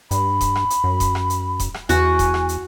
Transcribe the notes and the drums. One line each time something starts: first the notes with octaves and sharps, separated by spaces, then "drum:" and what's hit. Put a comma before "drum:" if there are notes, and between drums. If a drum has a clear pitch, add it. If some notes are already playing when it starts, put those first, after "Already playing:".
G2 B5, drum: hi-hat
drum: kick D#1, hi-hat
drum: rim click
drum: hi-hat
F#2
drum: kick D#1, hi-hat
drum: rim click
drum: hi-hat
drum: kick D#1, hi-hat
drum: rim click
E2 F#4 G#5, drum: hi-hat
drum: kick D#1, hi-hat
drum: rim click
drum: hi-hat